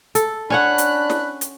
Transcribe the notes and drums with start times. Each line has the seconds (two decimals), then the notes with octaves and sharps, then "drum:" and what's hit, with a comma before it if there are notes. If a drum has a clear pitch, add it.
0.15 A4, drum: hi-hat
0.50 C#4 D4 C#5 F#5 B5 F#6
0.78 drum: hi-hat
1.10 drum: snare
1.41 drum: hi-hat